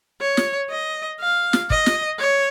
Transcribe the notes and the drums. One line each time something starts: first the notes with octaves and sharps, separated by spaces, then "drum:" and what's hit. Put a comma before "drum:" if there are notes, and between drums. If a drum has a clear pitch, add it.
C#5
drum: snare
D#5
F5
drum: snare
D#5, drum: kick
drum: snare
C#5